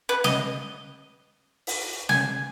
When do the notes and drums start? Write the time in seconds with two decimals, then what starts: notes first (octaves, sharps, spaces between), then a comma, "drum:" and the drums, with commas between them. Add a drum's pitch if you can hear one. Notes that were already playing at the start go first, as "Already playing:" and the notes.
0.09 B4
0.24 D#5, drum: snare
1.67 drum: open hi-hat
2.09 G#5, drum: snare